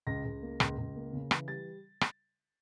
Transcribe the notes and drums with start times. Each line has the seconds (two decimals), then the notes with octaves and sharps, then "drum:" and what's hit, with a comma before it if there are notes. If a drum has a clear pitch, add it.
0.07 C#2 A#6
0.25 C#2
0.42 A#3
0.60 C#2, drum: rim click
0.78 C#2
0.95 A#3
1.13 C#3
1.31 E3, drum: rim click
1.48 G3 A6
2.01 drum: rim click